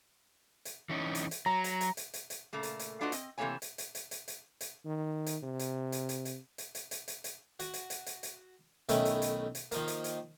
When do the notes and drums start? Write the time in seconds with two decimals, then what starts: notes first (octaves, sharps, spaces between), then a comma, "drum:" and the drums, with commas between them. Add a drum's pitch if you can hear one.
0.65 drum: hi-hat
0.89 E3 C#4 D#4
1.15 drum: hi-hat
1.31 drum: hi-hat
1.46 F#3 A#5
1.64 drum: hi-hat
1.81 drum: hi-hat
1.97 drum: hi-hat
2.14 drum: hi-hat
2.30 drum: hi-hat
2.53 A#2 C#3 A3 A#3
2.63 drum: hi-hat
2.79 drum: hi-hat
3.01 A3 D4 F4 F#4 B4 D#5
3.12 C4 D#5, drum: hi-hat
3.38 C3 E3 A3 A#3 C#5 G#5
3.62 drum: hi-hat
3.78 drum: hi-hat
3.95 drum: hi-hat
4.11 drum: hi-hat
4.28 drum: hi-hat
4.61 drum: hi-hat
4.85 D#3
5.26 drum: hi-hat
5.42 C3
5.59 drum: hi-hat
5.92 drum: hi-hat
6.09 drum: hi-hat
6.25 drum: hi-hat
6.58 drum: hi-hat
6.75 drum: hi-hat
6.91 drum: hi-hat
7.08 drum: hi-hat
7.24 drum: hi-hat
7.60 F#4, drum: hi-hat
7.74 drum: hi-hat
7.90 drum: hi-hat
8.06 drum: hi-hat
8.23 drum: hi-hat
8.89 B1 D#3 A3 C#4 E4, drum: hi-hat
9.05 drum: hi-hat
9.22 drum: hi-hat
9.55 drum: hi-hat
9.72 D#3 F3 A#3, drum: hi-hat
9.88 drum: hi-hat
10.04 drum: hi-hat